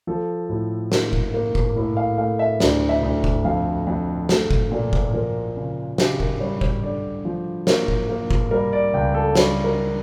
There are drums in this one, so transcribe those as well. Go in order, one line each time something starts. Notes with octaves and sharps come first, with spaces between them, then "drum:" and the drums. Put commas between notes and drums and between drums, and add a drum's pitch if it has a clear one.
F3 A4
A2
A#3, drum: snare
drum: kick F#1
A#3
drum: kick F#1
A2 A#4
F5
A3 F5
E5
D2 D5, drum: snare
E5
D2
drum: kick F#1
F2 F5
F2
A3, drum: snare
drum: kick F#1
A#2
drum: kick F#1
F3 A#4
C#3
C#3 G4, drum: snare
A#4, drum: kick F#1
G3 C#5
C#5, drum: kick F#1
D3 D5
F3
A#3 C#5, drum: snare
drum: kick F#1
A#3
drum: kick F#1
G3 A#4
D5
C#2 G5
A4
G3 C#5, drum: snare
A#4